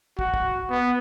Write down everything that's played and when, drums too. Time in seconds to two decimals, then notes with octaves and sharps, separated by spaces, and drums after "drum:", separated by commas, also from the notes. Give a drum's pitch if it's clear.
0.19 F#4, drum: kick
0.34 drum: kick
0.70 B3